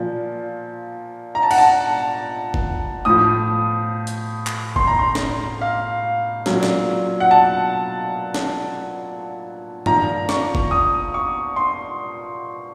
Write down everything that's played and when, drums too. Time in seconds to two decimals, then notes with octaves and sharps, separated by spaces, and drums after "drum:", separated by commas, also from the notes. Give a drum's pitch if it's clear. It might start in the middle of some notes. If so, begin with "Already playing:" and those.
Already playing: A#2 F3
1.35 A#5
1.43 A5
1.51 F#5, drum: cymbal
1.58 A5
2.54 drum: kick
3.05 A2 F3 D#6
4.07 drum: hi-hat
4.47 drum: clap
4.76 C6, drum: kick
4.87 A#5
4.99 C6
5.15 drum: snare
5.61 F5
6.46 A#2 F#3, drum: snare
6.63 drum: snare
7.20 F#5
7.31 A5
8.34 drum: snare
9.86 A#2 F3 A#5, drum: tom G2
10.29 C#6, drum: snare
10.55 drum: kick
10.71 D#6
11.14 C#6
11.56 C6